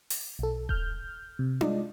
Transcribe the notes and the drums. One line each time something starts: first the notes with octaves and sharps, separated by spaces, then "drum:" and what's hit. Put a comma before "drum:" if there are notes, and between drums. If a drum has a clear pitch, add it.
drum: open hi-hat
B1 A4
F6 G6, drum: kick D#1
C3
G#3 F4 D5 D#5, drum: tom D4